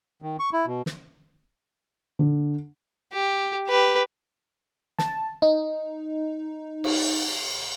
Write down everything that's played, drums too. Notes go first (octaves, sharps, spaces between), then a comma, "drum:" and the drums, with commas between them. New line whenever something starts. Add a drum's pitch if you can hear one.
D#3
C#6
E4
B2
drum: snare
D3
G4
G4 B4
A5, drum: snare
D#4
drum: cymbal